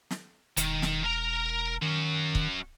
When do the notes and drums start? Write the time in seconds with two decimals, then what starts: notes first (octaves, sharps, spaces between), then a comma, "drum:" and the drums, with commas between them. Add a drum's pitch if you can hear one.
0.10 drum: snare
0.57 E1 D#3, drum: hi-hat
0.82 drum: snare
1.04 A#4 A#5
1.82 D#3 C#4 F#4
2.35 drum: kick